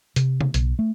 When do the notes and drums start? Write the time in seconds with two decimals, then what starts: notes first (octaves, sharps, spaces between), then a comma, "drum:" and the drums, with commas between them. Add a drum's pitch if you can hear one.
0.16 C3, drum: hi-hat
0.41 drum: tom C#3
0.54 B1, drum: hi-hat
0.79 A3